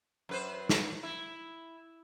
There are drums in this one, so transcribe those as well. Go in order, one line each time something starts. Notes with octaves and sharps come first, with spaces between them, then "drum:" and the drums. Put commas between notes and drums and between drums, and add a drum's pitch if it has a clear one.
F#2 B4 C5
drum: snare
E4